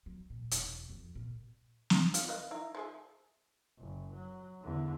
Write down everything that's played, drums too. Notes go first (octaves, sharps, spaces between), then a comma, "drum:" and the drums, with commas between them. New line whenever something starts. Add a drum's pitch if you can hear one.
F#3
A#2
E1, drum: hi-hat
F2
A#2
drum: snare
F4, drum: hi-hat
B4 D#5 F5
D#4 E4
F3 G#4 E5
F#1
F#3
E2 D3